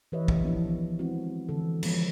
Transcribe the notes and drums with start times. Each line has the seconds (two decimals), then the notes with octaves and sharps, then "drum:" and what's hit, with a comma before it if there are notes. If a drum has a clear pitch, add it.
0.12 E3 G4 B4 C#5 D#5 E5
0.28 drum: kick
0.42 F3 B3 D4 E4
0.66 D#3
0.99 G#3 C4 E4 F#4
1.49 D3 E3 A4
1.83 F3 G#3 B3 C#5, drum: cymbal